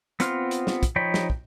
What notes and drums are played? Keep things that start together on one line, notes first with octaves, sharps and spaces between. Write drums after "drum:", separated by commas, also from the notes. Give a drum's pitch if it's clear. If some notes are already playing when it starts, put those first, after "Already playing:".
B3 C4 F4 C6 F6, drum: hi-hat
drum: hi-hat
drum: snare
drum: kick, hi-hat
F3 D#4 C#5 G5 B5
drum: snare
drum: kick